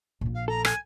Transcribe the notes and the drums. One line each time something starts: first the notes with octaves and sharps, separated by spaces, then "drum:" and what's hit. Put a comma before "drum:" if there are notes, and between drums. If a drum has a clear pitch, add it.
A#1 F3
F5
A4 A#5
G#5, drum: rim click